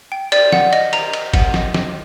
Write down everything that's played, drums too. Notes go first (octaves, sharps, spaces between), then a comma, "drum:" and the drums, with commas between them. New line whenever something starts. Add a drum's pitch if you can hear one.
G5
D5, drum: cymbal
F#5, drum: snare
D#5, drum: cymbal
A#5, drum: cymbal
D#5, drum: cymbal
F#5, drum: kick, cymbal
D#5, drum: snare
D#5, drum: snare